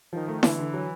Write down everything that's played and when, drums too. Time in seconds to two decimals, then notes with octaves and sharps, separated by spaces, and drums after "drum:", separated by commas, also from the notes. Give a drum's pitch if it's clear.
0.13 D#3 F3
0.28 A3
0.43 D3 E3, drum: snare E4
0.59 D3
0.73 F#3